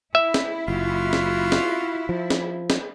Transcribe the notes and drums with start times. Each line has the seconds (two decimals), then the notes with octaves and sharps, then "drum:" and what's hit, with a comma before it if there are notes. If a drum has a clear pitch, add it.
0.15 E4 E5
0.34 drum: snare
0.68 F#1 F4 F#4
1.13 drum: snare
1.52 drum: snare
2.09 F3
2.30 drum: snare
2.70 drum: snare